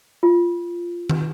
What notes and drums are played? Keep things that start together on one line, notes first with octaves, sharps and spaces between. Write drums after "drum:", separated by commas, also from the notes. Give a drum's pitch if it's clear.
F4
drum: tom D#3